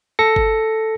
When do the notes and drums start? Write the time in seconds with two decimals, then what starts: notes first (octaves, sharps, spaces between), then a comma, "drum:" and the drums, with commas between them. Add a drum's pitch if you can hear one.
0.19 A4 A#6 C#7
0.36 drum: kick G1